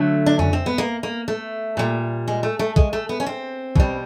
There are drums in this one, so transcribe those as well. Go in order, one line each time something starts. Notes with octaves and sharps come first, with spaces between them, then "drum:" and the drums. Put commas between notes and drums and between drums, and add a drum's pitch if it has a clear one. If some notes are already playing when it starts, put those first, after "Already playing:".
Already playing: D3 F#3 A3
D4
C#4, drum: tom F2
C4
B3
A#3
A#3
A3
A#2 G3
G#3
A3
A3
G#3, drum: kick
A3
B3
C#4
C4
B2 G3, drum: kick